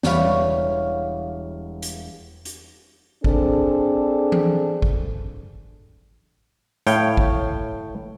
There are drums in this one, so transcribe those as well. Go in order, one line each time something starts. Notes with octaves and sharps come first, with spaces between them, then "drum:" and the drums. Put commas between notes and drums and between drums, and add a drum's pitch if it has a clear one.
E1 G3 C#5 F5 B5, drum: snare
drum: hi-hat
drum: hi-hat
C4 D4 G#4 A4, drum: kick G#1
drum: tom E3
drum: kick G#1
A2 C#5 F5 G5, drum: hi-hat
drum: kick G#1